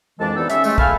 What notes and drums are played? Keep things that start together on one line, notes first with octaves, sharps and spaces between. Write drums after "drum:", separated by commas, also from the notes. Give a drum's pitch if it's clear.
C2 F2 E3 G#3 D4 A5
E3 G3 B3 D#4 A4
C#4 E5, drum: hi-hat
G#3 A3, drum: tambourine
A3 F5 G#5 A5 B5 F6, drum: kick